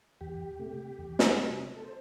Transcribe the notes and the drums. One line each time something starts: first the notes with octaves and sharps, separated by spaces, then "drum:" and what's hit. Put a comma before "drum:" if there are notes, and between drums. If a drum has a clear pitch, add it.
E2 G4
C3 A3
E2
drum: snare
C3 G3
A4
C5